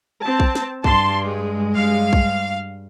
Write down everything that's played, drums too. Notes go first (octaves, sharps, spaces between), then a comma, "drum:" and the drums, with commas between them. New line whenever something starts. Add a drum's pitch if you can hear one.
C4 A5
drum: kick
drum: snare
G2 A5 C6, drum: kick
G#3
G2 F5
drum: kick